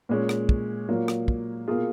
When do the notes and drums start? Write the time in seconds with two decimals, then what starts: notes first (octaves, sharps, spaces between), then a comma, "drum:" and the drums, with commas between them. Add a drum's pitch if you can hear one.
0.09 A#2 G#3 C#4
0.29 drum: rim click
0.49 drum: kick
0.89 A#2 F#3 A#3 F4
1.08 drum: rim click
1.28 drum: kick
1.68 B2 A#3 F4 G#4